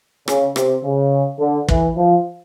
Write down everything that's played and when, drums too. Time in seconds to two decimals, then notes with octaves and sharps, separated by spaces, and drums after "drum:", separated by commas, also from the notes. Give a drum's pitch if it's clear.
0.28 C#3, drum: rim click
0.56 C3, drum: rim click
0.84 C#3
1.40 D3
1.68 E3, drum: kick
1.96 F3